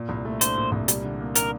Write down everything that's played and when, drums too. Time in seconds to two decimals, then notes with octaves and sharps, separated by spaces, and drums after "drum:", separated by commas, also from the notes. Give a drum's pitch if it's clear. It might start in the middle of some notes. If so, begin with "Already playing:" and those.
Already playing: A#2
0.09 C2
0.25 A3
0.41 D4 C5, drum: hi-hat
0.57 A#2
0.72 C2
0.88 G3, drum: hi-hat
1.04 D3
1.20 A#3
1.35 D4 A#4, drum: hi-hat